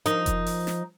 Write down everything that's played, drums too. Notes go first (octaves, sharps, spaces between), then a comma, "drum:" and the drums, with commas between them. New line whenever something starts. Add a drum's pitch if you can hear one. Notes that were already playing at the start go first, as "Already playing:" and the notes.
F3 D#4 A#4, drum: hi-hat
drum: kick F1, hi-hat
drum: open hi-hat
drum: snare